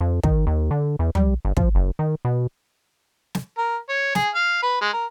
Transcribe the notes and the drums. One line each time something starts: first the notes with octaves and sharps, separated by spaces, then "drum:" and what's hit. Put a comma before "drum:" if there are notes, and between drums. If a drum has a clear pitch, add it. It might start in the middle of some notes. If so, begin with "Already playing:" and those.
F2
D#3, drum: kick
D#2
D3
E2
G3, drum: tom
G1
F3, drum: kick
F#1
D#3
B2
drum: snare
A#4
C#5
G#4, drum: snare
F5
B4
G#3
A#4